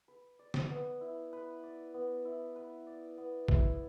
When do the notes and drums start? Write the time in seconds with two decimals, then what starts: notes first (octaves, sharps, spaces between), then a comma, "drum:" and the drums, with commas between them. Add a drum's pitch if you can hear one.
0.08 B4
0.39 D5
0.54 drum: snare
0.70 B3
1.01 E4
1.33 B4
1.63 D5
1.94 B3
2.25 E4
2.56 B4
2.87 D5
3.18 B3
3.48 E4, drum: kick